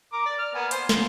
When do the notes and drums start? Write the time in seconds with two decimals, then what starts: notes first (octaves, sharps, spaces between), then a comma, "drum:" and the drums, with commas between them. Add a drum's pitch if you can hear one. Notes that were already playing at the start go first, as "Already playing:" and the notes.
0.13 A#4 D6
0.26 D5
0.39 F6
0.55 A#3 B3 G#5
0.71 C5, drum: hi-hat
0.89 F4, drum: snare